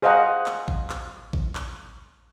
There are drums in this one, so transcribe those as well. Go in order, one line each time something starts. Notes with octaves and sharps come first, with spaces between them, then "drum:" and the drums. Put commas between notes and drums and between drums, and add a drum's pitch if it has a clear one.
G#4 C5 D#5 F5 F#5 A#5
drum: clap
drum: kick A1
drum: clap
drum: kick A1
drum: clap